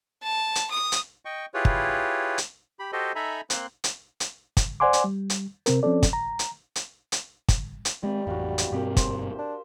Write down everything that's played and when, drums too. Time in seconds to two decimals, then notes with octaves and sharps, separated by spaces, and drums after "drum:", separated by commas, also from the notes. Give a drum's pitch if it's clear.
0.23 A5
0.55 drum: hi-hat
0.71 D#6
0.92 drum: hi-hat
1.25 D#5 G5 C#6
1.54 E4 F4 G4 G#4 B4 C#5
1.65 drum: kick
2.38 drum: hi-hat
2.79 G4 B5
2.93 F#4 G4 A4 C5 D#5
3.16 D#4 A4 E5 G#5 A#5 B5
3.50 A#3 C4 C6 F#6, drum: hi-hat
3.84 drum: hi-hat
4.20 drum: hi-hat
4.57 drum: kick, hi-hat
4.80 C5 D5 F#5 G#5 C6 D6
4.93 drum: hi-hat
5.04 G3
5.30 drum: hi-hat
5.66 C3 C4 A#4, drum: hi-hat
5.83 F3 C4 C#4 A4 D5
6.03 drum: kick, hi-hat
6.13 A#5
6.39 drum: hi-hat
6.76 drum: hi-hat
7.12 drum: hi-hat
7.48 drum: kick, hi-hat
7.85 drum: hi-hat
8.03 G3 G#3 C4
8.27 A1 F2 F#4 F5
8.58 drum: hi-hat
8.72 G2 B2 C4 G4 A#4
8.97 C5, drum: kick, hi-hat
9.39 D4